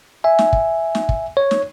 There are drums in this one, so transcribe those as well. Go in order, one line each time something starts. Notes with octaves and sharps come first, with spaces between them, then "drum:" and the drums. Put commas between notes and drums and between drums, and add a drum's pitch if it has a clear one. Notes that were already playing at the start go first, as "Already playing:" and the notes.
E5 G#5
drum: snare
drum: kick
drum: snare
drum: kick
C#5
drum: snare